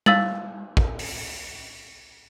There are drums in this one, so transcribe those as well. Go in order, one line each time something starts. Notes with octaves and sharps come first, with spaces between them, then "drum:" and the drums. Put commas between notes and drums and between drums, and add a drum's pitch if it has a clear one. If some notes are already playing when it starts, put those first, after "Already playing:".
F5 E6 A6 F#7, drum: tom G3
drum: kick
drum: open hi-hat